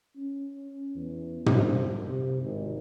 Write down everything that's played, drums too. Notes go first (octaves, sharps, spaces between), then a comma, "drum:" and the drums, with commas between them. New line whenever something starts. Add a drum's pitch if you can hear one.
C#4
E2
C2, drum: tom
C3
G#1